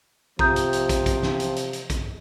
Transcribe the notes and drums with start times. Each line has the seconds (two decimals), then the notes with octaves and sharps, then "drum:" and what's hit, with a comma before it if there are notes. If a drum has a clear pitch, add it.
0.39 C3 F3 A#5 D#6 G6, drum: kick
0.56 drum: hi-hat
0.73 drum: hi-hat
0.89 drum: kick, hi-hat
1.06 drum: kick, hi-hat
1.23 drum: snare
1.40 drum: hi-hat
1.56 drum: hi-hat
1.73 drum: hi-hat
1.90 drum: kick, hi-hat